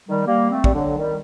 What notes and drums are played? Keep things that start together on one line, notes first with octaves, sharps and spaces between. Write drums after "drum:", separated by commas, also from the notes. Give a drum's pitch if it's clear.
D#3 G3
G3 A#3
A3 C4
G3, drum: kick
D3 F#3
D#3 G3